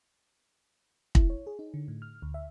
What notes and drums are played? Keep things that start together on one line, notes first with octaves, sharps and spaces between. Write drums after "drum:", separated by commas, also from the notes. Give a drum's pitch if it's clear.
E4, drum: kick
C#5
G#4
D#4
D3
A2
F6
D2
E5